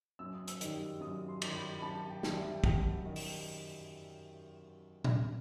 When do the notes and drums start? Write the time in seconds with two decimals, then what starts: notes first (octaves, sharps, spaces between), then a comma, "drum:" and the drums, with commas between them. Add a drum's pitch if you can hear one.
0.19 F#2 E6
0.34 D#6
0.48 E6, drum: hi-hat
0.61 D#3 G3 D#4, drum: hi-hat
1.01 F#2 D#6
1.29 C6
1.42 D#3 G3 D#4 C6, drum: cymbal
1.55 B5
1.79 B5
1.82 F#2 A5
2.10 G5
2.23 D#3 G3 D#4, drum: snare
2.37 E5
2.54 G5
2.64 F#2 F#5, drum: kick
3.05 D#3 G3 D#4
3.16 drum: open hi-hat
5.04 drum: tom A#2